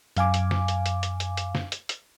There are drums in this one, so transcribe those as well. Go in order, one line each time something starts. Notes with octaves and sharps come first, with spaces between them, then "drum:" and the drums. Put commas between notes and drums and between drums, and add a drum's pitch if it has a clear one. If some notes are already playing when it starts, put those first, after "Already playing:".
F#2 F5 G#5 D6, drum: hi-hat
drum: hi-hat
drum: snare
drum: hi-hat
drum: hi-hat
drum: hi-hat
drum: hi-hat
drum: hi-hat
drum: snare
drum: hi-hat
drum: hi-hat